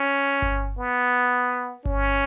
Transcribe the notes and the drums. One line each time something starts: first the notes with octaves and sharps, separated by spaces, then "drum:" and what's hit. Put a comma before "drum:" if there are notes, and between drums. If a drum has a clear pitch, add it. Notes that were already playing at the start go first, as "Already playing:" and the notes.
Already playing: C#4
drum: kick G1
B3
C#4, drum: kick G1